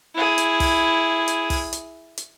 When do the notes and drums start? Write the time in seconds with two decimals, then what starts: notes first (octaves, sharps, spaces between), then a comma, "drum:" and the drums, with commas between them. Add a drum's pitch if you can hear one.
0.15 E4 G#4
0.38 drum: hi-hat
0.60 drum: kick, open hi-hat
1.28 drum: hi-hat
1.50 drum: kick, open hi-hat
1.73 drum: hi-hat
2.17 drum: hi-hat